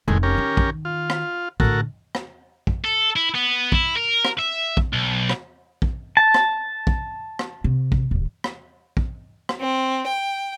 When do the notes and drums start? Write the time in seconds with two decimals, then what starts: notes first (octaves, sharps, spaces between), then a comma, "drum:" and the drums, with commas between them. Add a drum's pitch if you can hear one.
0.08 F1 A2 D#3 G#3
0.23 C#4 G4 A#4
0.38 D#3
0.57 drum: kick
0.85 F4
1.10 drum: rim click
1.60 A2 D3 F#4 A4 A#4, drum: kick
2.15 drum: rim click
2.67 drum: kick
2.85 A4
3.16 E4
3.34 B3
3.72 E4, drum: kick
3.97 A#4
4.25 drum: rim click
4.38 E5
4.77 drum: kick
4.93 B1
5.29 drum: rim click
5.82 drum: kick
6.17 A5
6.34 drum: rim click
6.87 drum: kick
7.39 drum: rim click
7.64 C3
7.92 drum: kick
8.11 D1 D#2
8.44 drum: rim click
8.97 drum: kick
9.49 drum: rim click
9.60 C4
10.08 G5